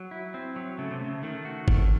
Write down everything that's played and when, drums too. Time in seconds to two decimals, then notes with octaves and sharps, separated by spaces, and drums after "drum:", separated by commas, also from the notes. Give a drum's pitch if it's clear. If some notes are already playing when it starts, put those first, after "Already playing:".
Already playing: F#3
0.11 E4
0.34 C4
0.56 F#3
0.78 C#3 A3
0.91 C3
1.01 C#3 A3
1.23 D#3 A3
1.45 F#4
1.68 D#3 A3, drum: kick G1